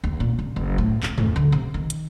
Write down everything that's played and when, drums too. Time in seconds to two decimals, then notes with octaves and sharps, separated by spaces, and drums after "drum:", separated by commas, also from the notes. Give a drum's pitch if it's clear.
0.04 D#2
0.20 A#2
0.39 C#3
0.56 F#1
0.78 A2
1.03 C4, drum: clap
1.18 A3, drum: tom
1.36 D3
1.52 C3
1.74 D#3
1.90 drum: hi-hat